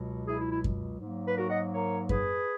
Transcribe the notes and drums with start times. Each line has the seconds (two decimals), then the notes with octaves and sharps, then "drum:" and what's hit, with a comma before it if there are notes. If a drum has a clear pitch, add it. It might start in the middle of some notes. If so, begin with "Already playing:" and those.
Already playing: C#2 B2 F#3
0.28 E4 G#4
0.40 E4
0.52 E4
0.64 drum: kick F#2
1.01 G#2 F#3 A#3
1.28 B4
1.37 F#4 A#4
1.49 D#5 F#5
1.73 A#4 C#5
2.09 G#4 B4, drum: kick F#2